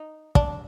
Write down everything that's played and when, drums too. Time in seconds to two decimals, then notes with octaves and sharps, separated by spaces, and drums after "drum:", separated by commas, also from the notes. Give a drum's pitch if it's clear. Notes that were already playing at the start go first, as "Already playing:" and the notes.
Already playing: D#4
0.35 D4, drum: kick